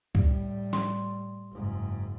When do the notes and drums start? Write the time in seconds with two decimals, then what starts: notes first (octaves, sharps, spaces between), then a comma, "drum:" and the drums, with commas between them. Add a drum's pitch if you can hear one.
0.15 A2 G3, drum: kick
0.73 C6, drum: snare
1.51 F#1 G#2